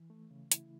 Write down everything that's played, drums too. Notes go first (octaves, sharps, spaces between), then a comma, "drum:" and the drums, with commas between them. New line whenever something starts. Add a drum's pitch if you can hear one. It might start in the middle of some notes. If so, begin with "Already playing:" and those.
Already playing: E3
A3
C#3
E4, drum: hi-hat